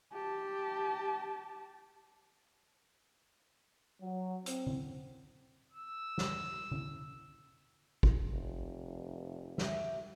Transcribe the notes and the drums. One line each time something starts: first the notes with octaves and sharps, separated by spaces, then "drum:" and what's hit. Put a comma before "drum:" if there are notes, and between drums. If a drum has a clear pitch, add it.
G4 A5
F#3
C4, drum: hi-hat
drum: tom D3
E6
drum: snare
drum: tom D3
drum: kick
F1
F#4 G4 E5, drum: snare